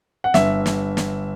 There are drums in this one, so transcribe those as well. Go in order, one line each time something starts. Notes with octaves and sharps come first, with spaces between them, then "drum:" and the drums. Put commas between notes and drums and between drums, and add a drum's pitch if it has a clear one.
F#5
G1 E5, drum: snare
drum: snare
drum: snare